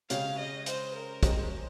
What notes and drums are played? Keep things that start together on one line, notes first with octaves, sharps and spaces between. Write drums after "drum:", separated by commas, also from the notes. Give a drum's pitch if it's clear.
C#3 G#3 C#4 G4 C#5 F5, drum: hi-hat
D#5
C5, drum: hi-hat
A#4
G#3 C#4 G4 C5 D#5, drum: kick, hi-hat